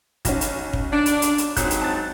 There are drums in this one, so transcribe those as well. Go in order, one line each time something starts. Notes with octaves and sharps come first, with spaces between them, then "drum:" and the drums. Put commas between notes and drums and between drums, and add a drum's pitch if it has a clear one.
B1 C#4, drum: kick, hi-hat
drum: hi-hat
drum: kick
D4
drum: hi-hat
drum: hi-hat
drum: hi-hat
G#2 F#3 C4 F#6, drum: kick, hi-hat
drum: hi-hat
A5 A6